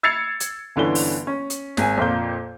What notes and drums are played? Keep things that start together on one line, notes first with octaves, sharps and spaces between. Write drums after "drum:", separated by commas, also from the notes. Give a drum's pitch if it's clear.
E6 G#6 A6 C7 C#7 F7
drum: hi-hat
G1 D3 E3 C#4 G7
drum: open hi-hat
C#4
drum: hi-hat
G#1 G#5, drum: snare
F2 A#2 A#3 G6